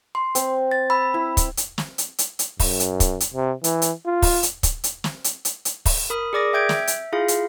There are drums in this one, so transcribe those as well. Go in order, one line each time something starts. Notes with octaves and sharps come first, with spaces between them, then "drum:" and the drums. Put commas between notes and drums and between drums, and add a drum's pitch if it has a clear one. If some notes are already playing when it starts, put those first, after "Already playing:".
C6
C4, drum: hi-hat
A6
B5 E6
E4
drum: kick, hi-hat
drum: hi-hat
drum: snare
drum: hi-hat
drum: hi-hat
drum: hi-hat
F#2, drum: kick, open hi-hat
drum: hi-hat
drum: kick, hi-hat
drum: hi-hat
C3
E3, drum: hi-hat
drum: hi-hat
F4
drum: kick, open hi-hat
drum: hi-hat
drum: kick, hi-hat
drum: hi-hat
drum: snare
drum: hi-hat
drum: hi-hat
drum: hi-hat
drum: kick, open hi-hat
A#4 B5 D#6
G#4 A#4 D5 D6 D#6 A#6
E5 G5 G6 G#6 D7
E5, drum: snare
drum: hi-hat
E4 F4 G#4 F5
drum: hi-hat